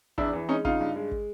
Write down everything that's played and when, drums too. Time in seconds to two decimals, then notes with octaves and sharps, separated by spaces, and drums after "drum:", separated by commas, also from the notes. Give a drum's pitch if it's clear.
0.18 E2 D4 E4, drum: kick
0.33 E3
0.49 G#3 C#4 D#4
0.65 C#3 D#4 F4, drum: kick
0.81 G2
0.96 G#3
1.11 drum: kick